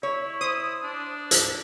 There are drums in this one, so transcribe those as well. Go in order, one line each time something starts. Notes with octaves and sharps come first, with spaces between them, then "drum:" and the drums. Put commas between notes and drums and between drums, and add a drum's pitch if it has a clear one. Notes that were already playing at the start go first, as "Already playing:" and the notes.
E4 C#5
C5 D#6
D4
drum: hi-hat